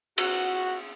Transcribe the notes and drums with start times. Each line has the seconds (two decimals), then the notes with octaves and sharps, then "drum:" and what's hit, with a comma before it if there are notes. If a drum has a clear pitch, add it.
0.18 F#4 F#5, drum: cymbal